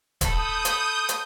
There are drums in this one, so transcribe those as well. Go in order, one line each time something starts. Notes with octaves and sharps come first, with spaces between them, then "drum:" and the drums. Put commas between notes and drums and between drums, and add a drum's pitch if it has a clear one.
A4 B5 D#6 G6, drum: kick, hi-hat
drum: hi-hat
drum: hi-hat